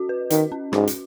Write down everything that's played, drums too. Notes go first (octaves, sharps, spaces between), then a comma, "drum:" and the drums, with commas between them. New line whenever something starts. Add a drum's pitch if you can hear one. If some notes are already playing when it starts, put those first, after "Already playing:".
Already playing: C#4 F#4 D#5
B4
D#3 D#5, drum: hi-hat
C#4
G#2 F#4, drum: rim click
drum: hi-hat